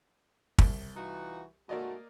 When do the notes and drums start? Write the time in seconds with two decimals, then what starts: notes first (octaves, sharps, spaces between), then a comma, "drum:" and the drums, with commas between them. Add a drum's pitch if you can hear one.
0.58 C2, drum: kick
0.97 E3 D#4 F4 F#4
1.69 G#2 C3 A3 A#3 F#4 D5 D#5